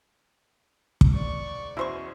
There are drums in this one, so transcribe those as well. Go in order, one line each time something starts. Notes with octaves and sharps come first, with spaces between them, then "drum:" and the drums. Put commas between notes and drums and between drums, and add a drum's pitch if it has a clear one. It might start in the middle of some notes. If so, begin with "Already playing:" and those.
drum: kick
G#2 D5 C#6
E2 B2 C#4 E4 C5 C#6